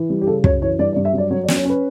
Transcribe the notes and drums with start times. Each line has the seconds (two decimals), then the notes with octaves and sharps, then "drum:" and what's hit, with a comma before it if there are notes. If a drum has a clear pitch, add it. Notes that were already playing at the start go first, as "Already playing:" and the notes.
Already playing: E3
0.10 G3
0.22 G4
0.27 C#3 A4
0.44 F#2 C#5, drum: kick
0.62 E3 C#5
0.79 G2 D5
0.92 D5
0.97 G2
1.05 E5
1.13 F#3 D5
1.31 F#3 C#5
1.44 D5
1.48 C#4, drum: snare
1.56 C#5
1.65 C#4 B4